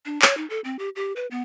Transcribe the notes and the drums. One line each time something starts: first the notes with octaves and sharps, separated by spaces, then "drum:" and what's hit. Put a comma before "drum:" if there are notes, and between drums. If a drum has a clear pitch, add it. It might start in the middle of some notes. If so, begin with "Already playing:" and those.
D4
C#5, drum: clap
D#4
A4
C4
G4
G4
B4
B3